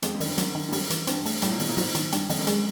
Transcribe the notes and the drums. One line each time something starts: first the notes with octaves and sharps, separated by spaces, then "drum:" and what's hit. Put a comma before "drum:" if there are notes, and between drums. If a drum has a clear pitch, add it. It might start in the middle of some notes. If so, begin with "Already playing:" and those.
F2 G#3, drum: hi-hat
F#2
D#3, drum: open hi-hat
G2
F#2 F#3, drum: hi-hat
D#3
G2
F#2 G3, drum: open hi-hat
E3, drum: hi-hat
G2 C4, drum: hi-hat
A3, drum: open hi-hat
A2 G3, drum: hi-hat
A#2
B2 D#3, drum: open hi-hat
A#2
G#2 F#3, drum: open hi-hat
D#3, drum: hi-hat
G2 G3, drum: hi-hat
F2 D#3, drum: open hi-hat
F#2
G#3, drum: hi-hat